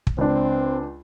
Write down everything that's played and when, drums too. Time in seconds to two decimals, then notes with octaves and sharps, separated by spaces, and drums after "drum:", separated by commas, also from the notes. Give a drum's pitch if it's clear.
0.07 drum: kick
0.18 C#2 C4 D4